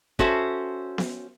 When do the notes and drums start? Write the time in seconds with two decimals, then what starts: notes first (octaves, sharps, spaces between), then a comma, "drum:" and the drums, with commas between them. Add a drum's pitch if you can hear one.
0.19 C#4 F#4 A4 C5 E5, drum: kick
0.98 drum: snare B3